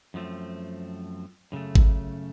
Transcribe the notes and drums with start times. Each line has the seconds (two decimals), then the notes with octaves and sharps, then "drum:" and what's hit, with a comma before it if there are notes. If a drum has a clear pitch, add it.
0.14 F#2 F3 A3 C4
1.52 F#2 C#3 A3
1.75 drum: kick G#1